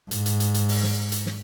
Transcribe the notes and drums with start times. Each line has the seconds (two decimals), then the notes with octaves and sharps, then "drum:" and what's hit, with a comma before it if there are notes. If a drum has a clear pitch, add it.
0.11 G#2, drum: hi-hat
0.26 drum: hi-hat
0.40 drum: hi-hat
0.54 drum: hi-hat
0.69 drum: open hi-hat
0.83 drum: snare
1.12 drum: hi-hat
1.26 drum: snare